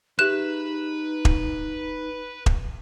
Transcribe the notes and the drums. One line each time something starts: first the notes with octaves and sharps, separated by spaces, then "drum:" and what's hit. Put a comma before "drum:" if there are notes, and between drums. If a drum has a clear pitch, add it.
D#4 G4 G#4 B4 E5 F#6 E7
drum: kick E1
drum: kick E1